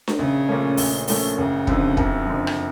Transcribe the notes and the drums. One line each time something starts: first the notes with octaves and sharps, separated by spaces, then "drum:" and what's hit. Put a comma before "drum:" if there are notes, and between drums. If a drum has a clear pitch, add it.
drum: snare D4
A#1 C#3
A#2 F3 A3 C#4
A#1, drum: open hi-hat
A#2 F3 A3 C#4, drum: open hi-hat
F#1 C#3
F2 D3 F3, drum: kick
F#1, drum: kick
F2 D3 F3
drum: rim click